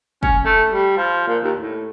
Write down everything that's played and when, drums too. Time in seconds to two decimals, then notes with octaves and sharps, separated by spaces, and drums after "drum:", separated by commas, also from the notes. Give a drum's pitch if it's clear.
0.23 C#4, drum: kick
0.45 A3
0.72 G3
0.97 F3
1.28 A#2
1.43 D#2
1.58 A2